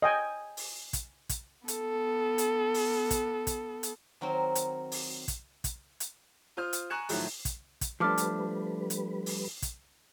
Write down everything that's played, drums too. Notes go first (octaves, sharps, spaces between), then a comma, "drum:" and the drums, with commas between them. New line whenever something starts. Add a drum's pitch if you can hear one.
D#5 G5 G#5
drum: open hi-hat
drum: kick, hi-hat
drum: kick, hi-hat
B3 A4, drum: hi-hat
drum: hi-hat
drum: open hi-hat
drum: kick, hi-hat
drum: kick, hi-hat
drum: hi-hat
D#3 F#3 C4 A#4
drum: hi-hat
drum: open hi-hat
drum: kick, hi-hat
drum: kick, hi-hat
drum: hi-hat
F4 C5 D#6 F6
drum: hi-hat
G#5 A#5 C#6 F#6 C#7 E7
A2 D#3 F3 F#3 A3, drum: open hi-hat
drum: kick, hi-hat
drum: kick, hi-hat
F3 G3 A3 D4 B4 A5 D6 F6
drum: hi-hat
drum: hi-hat
drum: open hi-hat
drum: kick, hi-hat